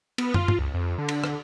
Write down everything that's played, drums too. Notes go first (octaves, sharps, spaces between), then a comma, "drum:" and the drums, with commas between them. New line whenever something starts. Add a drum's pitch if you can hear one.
B3, drum: cymbal
F4, drum: tom
drum: tom G2
C#2
F2
D3
drum: cymbal
drum: rim click